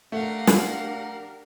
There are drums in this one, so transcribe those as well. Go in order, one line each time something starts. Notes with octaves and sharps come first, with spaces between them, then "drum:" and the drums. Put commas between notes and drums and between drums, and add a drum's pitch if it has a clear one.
A3 D4 G4 A#4 F5 F#5
drum: snare